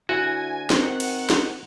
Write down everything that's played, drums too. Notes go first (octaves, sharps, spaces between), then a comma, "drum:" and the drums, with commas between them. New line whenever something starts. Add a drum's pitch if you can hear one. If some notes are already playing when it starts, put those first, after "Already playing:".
D2 E4 F#4 G#5
D#3 C4 F#5, drum: snare
drum: cymbal
drum: snare